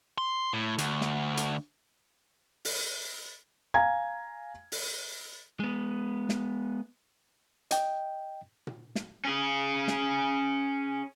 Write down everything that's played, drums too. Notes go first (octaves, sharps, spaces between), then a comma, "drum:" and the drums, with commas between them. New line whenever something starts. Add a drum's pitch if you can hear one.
C6
A2
D2, drum: hi-hat
drum: snare
drum: hi-hat
drum: open hi-hat
F5 G#5 A#5 G#6
drum: open hi-hat
G#3 B3
drum: snare
D#5 G5, drum: hi-hat
drum: tom A#2
drum: snare
C#4 G#4
drum: snare